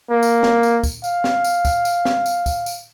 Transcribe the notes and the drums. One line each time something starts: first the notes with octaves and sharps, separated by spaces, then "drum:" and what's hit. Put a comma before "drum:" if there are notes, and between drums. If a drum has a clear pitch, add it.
A#3
drum: tambourine
drum: snare
drum: tambourine
drum: kick, tambourine
F5, drum: tambourine
drum: snare
drum: tambourine
drum: kick, tambourine
drum: tambourine
drum: snare
drum: tambourine
drum: kick, tambourine
drum: tambourine